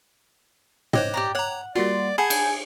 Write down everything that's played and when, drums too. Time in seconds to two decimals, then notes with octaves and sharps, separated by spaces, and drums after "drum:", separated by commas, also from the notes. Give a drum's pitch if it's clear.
0.93 C5 C#5 D#5 G5 D6 F#6, drum: tom
1.14 G4 D5 A#5
1.35 C#5 F#5 A#5
1.75 G3 A#3 F4 F#4 D5 C6
2.18 G#4 F#5 G#5 A5 B5 G6
2.30 drum: cymbal